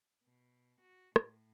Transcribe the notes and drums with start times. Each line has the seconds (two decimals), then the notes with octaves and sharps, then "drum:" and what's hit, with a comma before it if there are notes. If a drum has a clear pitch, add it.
0.23 B2
0.81 F#4
1.16 A2, drum: rim click